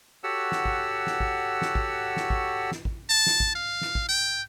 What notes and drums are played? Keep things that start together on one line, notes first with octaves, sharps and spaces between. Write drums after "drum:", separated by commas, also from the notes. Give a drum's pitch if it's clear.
F#4 G4 A4 C#5 F#5 E6
drum: snare
drum: kick
drum: snare
drum: kick
drum: snare
drum: kick
drum: snare
drum: kick
drum: snare
drum: kick
A5
drum: snare
drum: kick
F5
drum: snare
drum: kick
G5